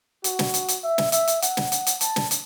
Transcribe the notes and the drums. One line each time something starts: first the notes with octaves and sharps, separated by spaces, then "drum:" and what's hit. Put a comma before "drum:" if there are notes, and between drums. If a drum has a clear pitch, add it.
F#4, drum: hi-hat
drum: snare
drum: hi-hat
drum: hi-hat
E5
drum: snare
E5, drum: hi-hat
drum: hi-hat
F#5, drum: hi-hat
drum: snare
drum: hi-hat
drum: hi-hat
A5, drum: hi-hat
drum: snare
drum: hi-hat